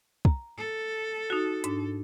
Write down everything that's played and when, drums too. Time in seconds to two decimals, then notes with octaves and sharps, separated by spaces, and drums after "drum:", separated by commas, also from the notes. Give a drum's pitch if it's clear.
0.25 A#5, drum: kick
0.57 A4
1.30 D#4 F#4
1.64 G#2 D4, drum: hi-hat